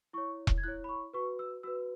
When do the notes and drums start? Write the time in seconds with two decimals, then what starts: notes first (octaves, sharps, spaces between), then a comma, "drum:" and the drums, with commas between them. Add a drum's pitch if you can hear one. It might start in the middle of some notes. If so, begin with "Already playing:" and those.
0.13 E4 C#5 C#6
0.47 drum: kick E1
0.58 G#6
0.63 E4 C#5 F#6
0.84 B5
0.89 C#6
1.13 F#4 B4 C#6
1.39 E6
1.63 F#4 B4 E6